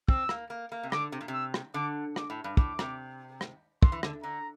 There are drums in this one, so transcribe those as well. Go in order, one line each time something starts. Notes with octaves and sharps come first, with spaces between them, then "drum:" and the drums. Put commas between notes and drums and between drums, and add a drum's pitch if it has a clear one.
C4 E6, drum: kick
A#3, drum: rim click
A#3
A#3
C3
D3 D6, drum: rim click
C3
A#2
C3 E6
drum: rim click
D3 D6
D6, drum: rim click
A2
G2
A2 D6, drum: kick
C3, drum: rim click
drum: rim click
D3 C6, drum: kick
E3
D3, drum: rim click
D3 A#5